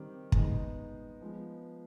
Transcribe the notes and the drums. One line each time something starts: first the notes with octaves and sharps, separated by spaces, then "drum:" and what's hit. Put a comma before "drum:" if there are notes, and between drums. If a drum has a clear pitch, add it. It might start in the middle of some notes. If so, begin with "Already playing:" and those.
Already playing: D#3 G3 C4 G4
G#3 B3 D#4, drum: kick
F3 G#3 B3